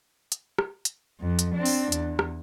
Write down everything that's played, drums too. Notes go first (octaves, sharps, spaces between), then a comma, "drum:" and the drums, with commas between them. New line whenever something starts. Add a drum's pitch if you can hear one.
drum: hi-hat
drum: rim click
drum: hi-hat
F2
drum: hi-hat
C4 D4
drum: open hi-hat
E2, drum: hi-hat
drum: rim click